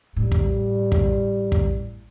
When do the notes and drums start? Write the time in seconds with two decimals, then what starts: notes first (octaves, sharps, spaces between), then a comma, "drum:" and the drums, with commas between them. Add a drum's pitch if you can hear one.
0.17 A2 G3
0.32 drum: kick
0.92 drum: kick
1.52 drum: kick